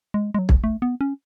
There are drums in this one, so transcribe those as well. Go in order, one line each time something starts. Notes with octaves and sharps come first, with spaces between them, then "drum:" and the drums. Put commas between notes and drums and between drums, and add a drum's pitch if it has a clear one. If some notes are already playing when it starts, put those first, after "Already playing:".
G#3
G#3
F#3
drum: kick
A3
B3
C#4